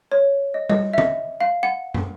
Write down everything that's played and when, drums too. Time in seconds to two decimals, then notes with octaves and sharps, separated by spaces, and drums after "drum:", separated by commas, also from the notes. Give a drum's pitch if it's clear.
0.12 C#5
0.54 D#5
0.70 D#5, drum: tom G3
0.93 E5
0.98 D#5, drum: tom
1.41 F5
1.63 F#5
1.94 drum: tom